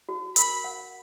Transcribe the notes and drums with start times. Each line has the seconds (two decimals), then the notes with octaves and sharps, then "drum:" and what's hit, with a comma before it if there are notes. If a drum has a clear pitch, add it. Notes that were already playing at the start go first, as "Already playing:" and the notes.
0.09 F#4
0.36 A#4 B5, drum: hi-hat
0.64 F#5